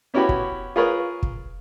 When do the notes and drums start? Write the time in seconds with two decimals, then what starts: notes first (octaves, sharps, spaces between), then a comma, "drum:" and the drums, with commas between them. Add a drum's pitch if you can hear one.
0.14 B3 C#4 E4 F#4 G4 B5
0.29 drum: kick
0.76 F4 G#4 A#4 B4 C#5
1.23 drum: kick